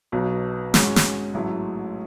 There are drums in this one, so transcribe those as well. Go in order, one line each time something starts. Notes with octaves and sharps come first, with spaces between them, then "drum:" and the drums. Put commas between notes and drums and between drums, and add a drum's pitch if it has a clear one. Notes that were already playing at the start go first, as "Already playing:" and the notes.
B1 B2 F#3 B3
G#2 G#3 C#4 F#4, drum: snare
drum: snare
A1 G#2 F#3 A3 E4